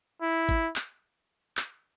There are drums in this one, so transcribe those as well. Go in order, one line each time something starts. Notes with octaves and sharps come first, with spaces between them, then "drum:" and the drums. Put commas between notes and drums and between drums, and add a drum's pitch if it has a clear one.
E4
drum: kick, hi-hat
drum: clap
drum: clap